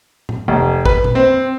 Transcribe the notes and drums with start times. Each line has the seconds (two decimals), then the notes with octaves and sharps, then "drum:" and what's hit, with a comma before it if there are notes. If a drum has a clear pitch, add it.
0.29 drum: tom A2
0.48 F1
0.85 B4, drum: kick
1.04 drum: tom A#2
1.15 C4